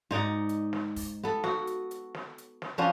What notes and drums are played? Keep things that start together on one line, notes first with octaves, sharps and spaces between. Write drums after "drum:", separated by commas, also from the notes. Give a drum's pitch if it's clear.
G#2 D#4 D5 F#5
drum: hi-hat
drum: snare
drum: kick, open hi-hat
B3 A4
F#4, drum: snare
drum: hi-hat
drum: hi-hat
drum: snare
drum: hi-hat
drum: snare
F3 B3 C#4 D4